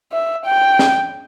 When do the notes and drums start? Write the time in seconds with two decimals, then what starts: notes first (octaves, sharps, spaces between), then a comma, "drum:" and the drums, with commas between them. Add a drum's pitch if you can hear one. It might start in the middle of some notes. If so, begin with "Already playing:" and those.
0.13 E5
0.46 G5
0.79 drum: snare